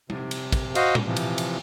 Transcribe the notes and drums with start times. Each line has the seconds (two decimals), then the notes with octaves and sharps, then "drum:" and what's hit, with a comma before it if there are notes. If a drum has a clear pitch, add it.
0.10 C3, drum: tom G3
0.31 drum: cymbal
0.52 drum: kick, cymbal
0.75 F#4 C5 D#5 F5, drum: cymbal
0.95 drum: tom A2
1.06 C3 E3 F3
1.16 drum: cymbal
1.38 drum: cymbal